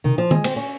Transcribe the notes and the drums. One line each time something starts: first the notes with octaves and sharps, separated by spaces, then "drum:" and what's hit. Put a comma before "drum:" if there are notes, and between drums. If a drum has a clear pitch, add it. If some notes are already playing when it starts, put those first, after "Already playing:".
C3 D#3
F3
D#3 G#3, drum: tom
C4, drum: cymbal
C#4